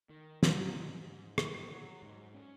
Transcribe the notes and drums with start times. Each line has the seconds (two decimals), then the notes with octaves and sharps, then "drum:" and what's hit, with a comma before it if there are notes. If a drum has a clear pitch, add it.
0.10 D#3
0.43 F#3, drum: snare
0.75 G#2
1.07 G#2
1.38 D#3, drum: rim click
1.70 F#3
2.02 G#2
2.34 C#4